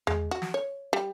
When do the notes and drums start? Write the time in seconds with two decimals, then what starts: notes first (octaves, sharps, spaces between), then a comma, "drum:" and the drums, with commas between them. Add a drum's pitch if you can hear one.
0.07 G#3, drum: tom E2
0.31 F#4
0.42 drum: snare
0.54 C#5
0.93 G3